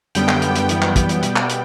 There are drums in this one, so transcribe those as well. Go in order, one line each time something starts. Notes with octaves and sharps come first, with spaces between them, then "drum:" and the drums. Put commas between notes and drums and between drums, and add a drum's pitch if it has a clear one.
F#2 D3 G3 B3 G5, drum: hi-hat
drum: clap
drum: hi-hat
drum: hi-hat
F#2 E3 G3 B3 G5, drum: hi-hat
drum: clap
drum: kick, hi-hat
drum: hi-hat
B2 G3 B3, drum: hi-hat
drum: clap
drum: hi-hat